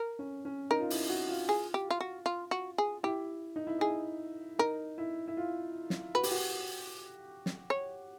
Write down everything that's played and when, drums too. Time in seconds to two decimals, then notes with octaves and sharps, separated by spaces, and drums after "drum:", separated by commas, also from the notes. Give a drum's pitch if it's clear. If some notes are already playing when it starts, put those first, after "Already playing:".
Already playing: A#4
0.19 C#4
0.45 C#4
0.70 D#4 A#4
0.80 F4
0.90 E4, drum: open hi-hat
1.09 F#4
1.29 F4
1.49 G#4
1.74 G4
1.90 F4
2.00 F#4
2.26 F4
2.51 F#4
2.78 G#4
3.03 E4 G4
3.56 D#4
3.67 E4
3.79 D#4 G#4
4.59 D#4 A#4
4.98 E4
5.28 E4
5.37 F4
5.90 drum: snare
6.15 F#4 B4
6.23 G4, drum: open hi-hat
6.31 F#4
7.46 drum: snare
7.70 C#5